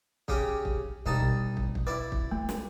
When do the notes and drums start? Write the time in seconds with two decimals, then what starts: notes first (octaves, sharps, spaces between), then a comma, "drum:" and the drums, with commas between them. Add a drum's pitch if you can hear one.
0.28 C#3 C#4 G4, drum: kick
0.65 drum: kick
1.06 C2 B2 D#4 A5
1.20 drum: kick
1.57 drum: kick
1.75 drum: kick
1.87 E4 B4 D5
2.12 drum: kick
2.31 A3 A#3
2.49 drum: snare